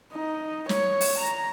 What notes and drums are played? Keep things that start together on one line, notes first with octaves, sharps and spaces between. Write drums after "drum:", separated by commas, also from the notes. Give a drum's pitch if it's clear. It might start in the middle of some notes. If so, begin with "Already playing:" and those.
D#4
C#5, drum: snare
drum: open hi-hat
A#5